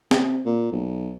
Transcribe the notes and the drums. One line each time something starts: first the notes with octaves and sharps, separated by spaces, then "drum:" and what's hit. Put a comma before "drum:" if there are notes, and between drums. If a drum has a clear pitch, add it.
C3, drum: snare
A#2
B1